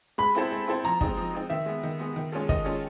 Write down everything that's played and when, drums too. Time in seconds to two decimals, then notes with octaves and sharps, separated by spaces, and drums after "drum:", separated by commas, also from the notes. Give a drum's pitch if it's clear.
0.18 G#3 B5
0.35 C4 E4 A4 C5
0.52 G#3
0.68 C4 E4 A4 C5
0.85 F3 A#5
1.01 G#3 C4 D#4, drum: kick
1.17 F3
1.34 G#3 C4 D#4
1.50 D#3 E5
1.66 G#3 B3
1.83 D#3
1.99 G#3 B3
2.16 D#3
2.32 G#3 C#4 F4 A4
2.49 D#3 D#5, drum: kick
2.65 G#3 C#4 F4 A4